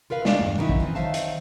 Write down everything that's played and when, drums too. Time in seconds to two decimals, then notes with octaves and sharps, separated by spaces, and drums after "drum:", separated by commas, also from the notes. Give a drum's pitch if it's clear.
0.10 F4 A#4 B4 F5
0.25 A3 B3 D4 D5 F5, drum: snare
0.41 E2 G2
0.58 D#3 F#3 G3 C#4 D#4 E4
0.69 drum: kick
0.80 E3 C4 F4
0.95 D#3 F#3 C5 E5 F5 A5
1.14 drum: hi-hat